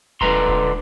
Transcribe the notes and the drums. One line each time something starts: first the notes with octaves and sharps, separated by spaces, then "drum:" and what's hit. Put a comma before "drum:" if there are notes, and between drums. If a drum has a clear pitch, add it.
D3 G#3 B4 A#5 C6, drum: kick D#1
drum: kick D#1